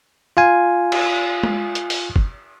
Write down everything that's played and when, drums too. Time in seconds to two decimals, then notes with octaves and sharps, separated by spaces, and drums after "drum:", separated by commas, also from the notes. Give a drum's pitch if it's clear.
0.37 F4 F5 G#5
0.92 drum: cymbal
1.43 drum: tom G#3
1.75 drum: hi-hat
1.90 drum: open hi-hat
2.16 drum: kick